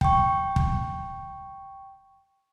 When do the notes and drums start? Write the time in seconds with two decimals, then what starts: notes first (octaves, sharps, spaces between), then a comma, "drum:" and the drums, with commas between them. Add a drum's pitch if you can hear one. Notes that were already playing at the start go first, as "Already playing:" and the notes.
0.01 G5 C#6, drum: kick
0.56 drum: kick